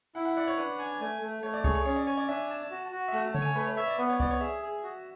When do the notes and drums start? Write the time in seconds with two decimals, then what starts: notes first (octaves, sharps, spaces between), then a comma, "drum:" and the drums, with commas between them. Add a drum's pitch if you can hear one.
0.15 E4 F#5
0.25 F#5
0.37 D5 F#5
0.47 C#5
0.58 D4 B4
0.79 G#5
1.01 A3
1.22 A3
1.43 A3 C#5
1.54 D5
1.64 G#4 C#5, drum: kick C2
1.75 C#5
1.86 C#4 C#5
1.96 D5
2.07 C#5 G#5
2.17 D5
2.28 D4 E5
2.50 A5
2.71 F#4
2.92 F#4
3.08 E5
3.13 A3 F#5
3.27 A5
3.35 C#5, drum: tom C#3
3.41 G#5
3.56 A3 B4
3.67 B4
3.77 C#5 E5
3.88 D5
3.98 B3 B4
4.09 C#5
4.20 B3 D5, drum: kick C2
4.31 C#5
4.40 G#4 E5
4.62 G#4
4.83 F#4